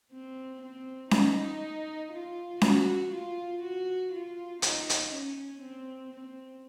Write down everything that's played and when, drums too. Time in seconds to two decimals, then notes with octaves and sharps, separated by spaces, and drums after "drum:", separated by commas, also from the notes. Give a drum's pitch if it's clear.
0.11 C4
0.61 C4
1.11 D#4, drum: snare C#4
2.12 F4
2.61 F#4, drum: snare C#4
3.12 F4
3.62 F#4
4.12 F4
4.62 D#4, drum: hi-hat
4.90 drum: hi-hat
5.12 C#4
5.62 C4
6.13 C4